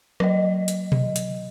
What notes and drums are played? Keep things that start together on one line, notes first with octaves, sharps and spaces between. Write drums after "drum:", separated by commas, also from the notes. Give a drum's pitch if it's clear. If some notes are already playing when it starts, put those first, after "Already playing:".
F#3 D#5, drum: rim click
drum: hi-hat
drum: tom B2
drum: hi-hat